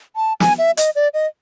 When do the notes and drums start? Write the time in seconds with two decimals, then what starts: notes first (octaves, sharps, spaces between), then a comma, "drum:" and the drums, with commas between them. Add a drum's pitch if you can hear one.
0.16 A5
0.40 G#5, drum: snare
0.58 E5
0.77 D#5, drum: hi-hat
0.96 D5
1.14 D#5